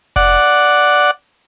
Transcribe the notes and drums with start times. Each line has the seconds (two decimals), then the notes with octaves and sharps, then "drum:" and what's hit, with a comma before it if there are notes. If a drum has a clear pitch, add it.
0.16 D5 F#5, drum: kick F1